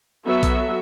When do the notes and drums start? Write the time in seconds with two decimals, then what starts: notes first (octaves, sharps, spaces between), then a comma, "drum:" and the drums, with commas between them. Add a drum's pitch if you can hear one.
0.25 F#3 B3 F#4 A4 E5
0.43 drum: kick B1, hi-hat